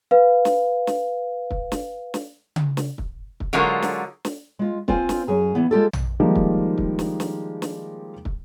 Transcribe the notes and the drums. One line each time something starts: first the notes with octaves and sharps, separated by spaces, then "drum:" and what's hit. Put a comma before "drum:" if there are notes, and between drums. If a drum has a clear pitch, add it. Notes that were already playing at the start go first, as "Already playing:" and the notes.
B4 F5
drum: snare
drum: snare
drum: kick
drum: snare
drum: snare
drum: tom C#3
drum: snare
drum: kick
drum: kick
D3 F#3 G#3 C#4 F4 A#4
drum: snare
drum: snare
G#3 F4
C4 F4 C5 F5 G#5, drum: kick
drum: snare
F#2 G#4 A#5
E3 B3
G#3 F4 G4 A4
drum: tom A#1
D#3 F3 G3 G#3 A#3 D#4
drum: kick
drum: kick
drum: snare
drum: snare
drum: snare
drum: kick